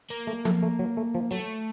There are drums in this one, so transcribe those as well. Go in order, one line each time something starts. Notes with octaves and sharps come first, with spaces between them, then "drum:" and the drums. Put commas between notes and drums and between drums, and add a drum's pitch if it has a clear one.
A#3
A3
A3, drum: tom F3
A3
F#3
A3
F3
F#3 A3